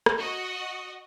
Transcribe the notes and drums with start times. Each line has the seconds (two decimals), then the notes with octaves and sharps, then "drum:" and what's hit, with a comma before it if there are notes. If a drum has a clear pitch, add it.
0.06 drum: rim click
0.18 F#4 D#5